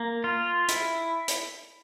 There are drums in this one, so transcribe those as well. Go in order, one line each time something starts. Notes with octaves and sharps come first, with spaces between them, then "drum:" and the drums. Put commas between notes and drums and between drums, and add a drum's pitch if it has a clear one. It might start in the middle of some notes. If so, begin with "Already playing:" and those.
Already playing: A#3
F4
E4, drum: hi-hat
drum: hi-hat